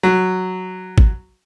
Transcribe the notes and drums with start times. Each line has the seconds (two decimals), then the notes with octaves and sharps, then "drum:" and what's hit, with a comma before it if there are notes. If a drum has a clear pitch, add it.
0.03 F#3
0.98 drum: kick G#1